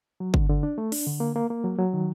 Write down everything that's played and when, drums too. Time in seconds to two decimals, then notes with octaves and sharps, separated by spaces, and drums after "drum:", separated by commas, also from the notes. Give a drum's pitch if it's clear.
0.20 F#3
0.34 D3, drum: kick G1
0.49 D3
0.63 D4
0.78 A3
0.92 D4, drum: open hi-hat
1.07 D3
1.20 A#3
1.36 A#3
1.50 A#3
1.64 F#3
1.78 F#3
1.93 D#3